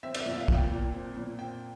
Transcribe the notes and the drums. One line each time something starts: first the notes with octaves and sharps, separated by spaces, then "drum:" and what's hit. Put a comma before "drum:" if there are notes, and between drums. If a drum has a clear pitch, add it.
C4 E5
D5, drum: cymbal
E5
A#2
F5
A#2, drum: kick
G5
A#2
C4
A#2
C4 G5